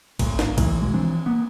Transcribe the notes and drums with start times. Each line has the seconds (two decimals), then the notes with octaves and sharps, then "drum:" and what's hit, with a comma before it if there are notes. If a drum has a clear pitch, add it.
0.19 G#1 A2, drum: kick, cymbal
0.39 drum: snare
0.58 A1 D#2 A2 E3, drum: kick, cymbal
0.82 B2 G#3
0.94 E3 F3 C4 D4
1.26 A#3 B3